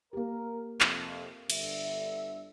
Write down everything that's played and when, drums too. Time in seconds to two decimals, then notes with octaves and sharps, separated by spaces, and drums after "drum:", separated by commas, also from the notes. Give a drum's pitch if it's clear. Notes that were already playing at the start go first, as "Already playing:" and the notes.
0.13 A#3 G4 A#4
0.81 F2 C3, drum: clap
1.50 G1 D3 E5, drum: cymbal